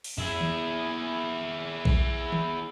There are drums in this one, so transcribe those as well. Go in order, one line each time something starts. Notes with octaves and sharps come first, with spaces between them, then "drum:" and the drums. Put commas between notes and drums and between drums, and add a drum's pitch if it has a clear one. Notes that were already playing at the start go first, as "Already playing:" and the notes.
drum: open hi-hat
E4 G#4, drum: tom
drum: tom D#3
drum: kick A#1
drum: tom D#3